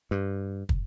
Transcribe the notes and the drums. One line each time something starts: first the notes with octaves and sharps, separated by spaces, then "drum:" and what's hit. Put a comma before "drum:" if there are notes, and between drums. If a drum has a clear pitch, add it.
G2
drum: kick